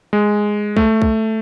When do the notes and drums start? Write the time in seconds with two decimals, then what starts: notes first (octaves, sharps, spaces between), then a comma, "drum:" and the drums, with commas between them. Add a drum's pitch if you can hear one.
0.13 G#3
0.77 A3, drum: kick B1
1.02 drum: kick B1